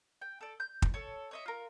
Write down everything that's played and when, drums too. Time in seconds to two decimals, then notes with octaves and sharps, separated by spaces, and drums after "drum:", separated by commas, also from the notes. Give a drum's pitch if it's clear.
0.21 G5
0.41 A4 D5
0.60 G6
0.82 drum: kick
0.94 A4 C#5
1.31 C#5 D#5 E5
1.45 F4 A#4